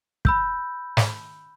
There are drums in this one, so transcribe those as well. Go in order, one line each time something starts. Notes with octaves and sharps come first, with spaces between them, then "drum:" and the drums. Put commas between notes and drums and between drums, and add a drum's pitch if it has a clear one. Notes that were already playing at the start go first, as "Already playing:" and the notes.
B5 E6 G6, drum: kick
drum: snare